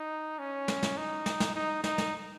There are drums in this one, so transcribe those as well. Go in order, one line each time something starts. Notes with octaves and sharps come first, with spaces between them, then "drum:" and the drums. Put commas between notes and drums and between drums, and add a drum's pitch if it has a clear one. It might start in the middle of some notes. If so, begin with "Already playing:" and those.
Already playing: D#4
C#4
drum: snare
drum: snare
D#4
drum: snare
drum: snare
D#4
D#4, drum: snare
drum: snare